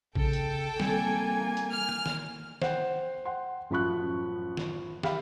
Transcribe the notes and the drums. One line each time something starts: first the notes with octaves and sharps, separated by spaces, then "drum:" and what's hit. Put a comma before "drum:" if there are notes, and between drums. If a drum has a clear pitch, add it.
C#3 A4 G5, drum: kick
drum: hi-hat
G3 A3 A#3 C4 G#5, drum: snare
drum: hi-hat
F6
drum: rim click
drum: snare
C5 F#5 G5, drum: snare
F#5 G5 C6
A1 F#2 F3 B5 C#6 F#6
drum: snare
G4 E5 F5 G5 B5, drum: snare